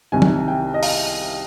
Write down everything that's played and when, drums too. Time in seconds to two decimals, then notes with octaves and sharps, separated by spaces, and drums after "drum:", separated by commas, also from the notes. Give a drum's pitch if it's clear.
0.12 C2 C3 D#3 G#5
0.22 drum: tom
0.48 G5
0.74 D#5
0.83 F5, drum: open hi-hat